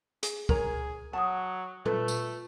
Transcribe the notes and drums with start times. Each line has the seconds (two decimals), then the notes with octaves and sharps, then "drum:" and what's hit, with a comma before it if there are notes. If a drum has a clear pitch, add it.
0.23 G#4, drum: hi-hat
0.49 G#4 A#4 C#5 A#5, drum: kick C#2
1.13 F#3 F#5 A5 C#6 D#6
1.85 A3 F4 A4 B4, drum: tom
2.08 drum: tambourine